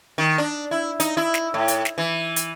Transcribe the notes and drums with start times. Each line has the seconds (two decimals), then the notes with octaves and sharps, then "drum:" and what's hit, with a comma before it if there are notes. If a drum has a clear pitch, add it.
0.18 D#3
0.38 D4
0.71 E4
1.00 D#4, drum: hi-hat
1.17 E4
1.34 drum: snare
1.54 A2
1.68 drum: hi-hat
1.85 drum: snare
1.98 E3
2.36 drum: hi-hat